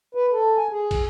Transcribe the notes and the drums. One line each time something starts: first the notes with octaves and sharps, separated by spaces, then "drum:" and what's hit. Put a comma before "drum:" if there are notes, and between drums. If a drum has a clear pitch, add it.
B4
A4
G#5
G#4
drum: kick, cymbal